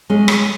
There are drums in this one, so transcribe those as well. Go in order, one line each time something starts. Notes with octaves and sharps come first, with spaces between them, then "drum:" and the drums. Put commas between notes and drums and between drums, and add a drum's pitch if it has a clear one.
G#3 C#4
drum: rim click